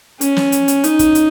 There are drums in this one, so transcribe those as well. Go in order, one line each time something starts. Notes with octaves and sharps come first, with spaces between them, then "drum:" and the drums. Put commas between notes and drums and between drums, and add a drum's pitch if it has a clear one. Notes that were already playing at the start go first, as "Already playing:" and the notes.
C#4, drum: hi-hat
drum: snare
drum: hi-hat
drum: hi-hat
D#4, drum: hi-hat
drum: kick, hi-hat
drum: hi-hat